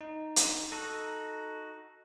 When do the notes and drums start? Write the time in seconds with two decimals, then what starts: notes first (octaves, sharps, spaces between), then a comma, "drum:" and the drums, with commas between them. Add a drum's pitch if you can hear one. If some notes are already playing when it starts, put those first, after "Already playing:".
0.01 D#4
0.36 drum: hi-hat
0.72 D#4 F#4 A4